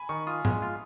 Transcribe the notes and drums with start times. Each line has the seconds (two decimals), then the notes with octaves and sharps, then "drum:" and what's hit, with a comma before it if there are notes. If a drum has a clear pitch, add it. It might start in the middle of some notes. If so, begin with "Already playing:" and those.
Already playing: G#5 B5
0.09 D#3 C#6
0.27 F4 D#6
0.45 G#3, drum: tom G#2
0.62 F4